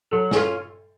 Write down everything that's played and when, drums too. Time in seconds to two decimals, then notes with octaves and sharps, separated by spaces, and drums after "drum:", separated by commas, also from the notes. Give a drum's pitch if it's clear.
0.12 F#3 A4
0.31 G#4, drum: snare
0.35 C#4 F4 A4